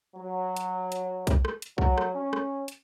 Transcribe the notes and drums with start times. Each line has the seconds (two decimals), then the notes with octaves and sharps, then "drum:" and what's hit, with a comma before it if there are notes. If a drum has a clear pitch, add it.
0.15 F#3
0.56 drum: hi-hat
0.92 drum: hi-hat
1.27 drum: kick B1, hi-hat
1.45 drum: rim click
1.62 drum: hi-hat
1.78 F#3, drum: kick B1
1.98 drum: rim click
2.15 C#4
2.33 drum: rim click
2.68 drum: hi-hat